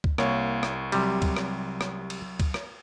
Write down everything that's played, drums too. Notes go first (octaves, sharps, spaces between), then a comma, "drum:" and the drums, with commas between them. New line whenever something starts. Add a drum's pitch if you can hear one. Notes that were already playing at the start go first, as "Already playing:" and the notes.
drum: kick C#2
C2 A#3 C#5 F5, drum: rim click
drum: rim click
C3 F#3 G3, drum: cymbal
drum: kick C#2, cymbal
drum: rim click
drum: rim click
drum: cymbal
drum: kick C#2, cymbal
drum: rim click